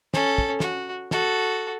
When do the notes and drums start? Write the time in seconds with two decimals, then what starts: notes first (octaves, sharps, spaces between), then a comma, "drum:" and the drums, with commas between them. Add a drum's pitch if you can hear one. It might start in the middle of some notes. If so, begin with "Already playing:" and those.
0.14 C#4 A4, drum: snare
0.38 drum: kick
0.60 F#4, drum: snare
1.11 F#4 A4, drum: snare